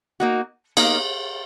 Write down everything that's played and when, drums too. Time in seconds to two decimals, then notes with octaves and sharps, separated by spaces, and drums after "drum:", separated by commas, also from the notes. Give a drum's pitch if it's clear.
0.20 A#3 D#4 F#4
0.77 A#3 D#4 A#4 F5, drum: cymbal